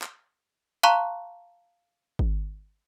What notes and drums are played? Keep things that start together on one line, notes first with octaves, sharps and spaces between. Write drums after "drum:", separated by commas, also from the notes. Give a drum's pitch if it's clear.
drum: clap
F5 A5 A#5 C6 C#6 F#6
drum: kick G#1